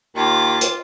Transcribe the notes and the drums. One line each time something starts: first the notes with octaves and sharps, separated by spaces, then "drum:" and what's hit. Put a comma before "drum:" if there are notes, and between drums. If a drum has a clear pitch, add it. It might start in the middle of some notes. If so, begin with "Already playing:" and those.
D#2 F4 D6
drum: hi-hat